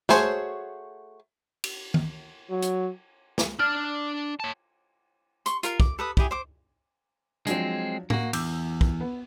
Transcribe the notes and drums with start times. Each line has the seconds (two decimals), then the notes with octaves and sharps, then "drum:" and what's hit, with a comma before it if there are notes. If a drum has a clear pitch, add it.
0.09 A3 F#4 G#4 C5 C#5, drum: snare
1.64 drum: cymbal
1.94 drum: tom D#3
2.50 F#3
2.62 drum: hi-hat
3.38 drum: snare
3.59 D4 D5 F6
4.40 C#5 A5
5.46 C6 C#6, drum: hi-hat
5.63 F4 A#4 F5, drum: hi-hat
5.80 D6, drum: kick
5.99 A4 B4 D#6
6.17 E4 G4 G#4, drum: kick
6.31 C5 D6
7.47 F3 F#3 G#3 C4 D4, drum: hi-hat
8.10 A#3 F#4, drum: tom
8.33 E2 D6 E6 G6, drum: cymbal
8.81 drum: kick
9.00 B3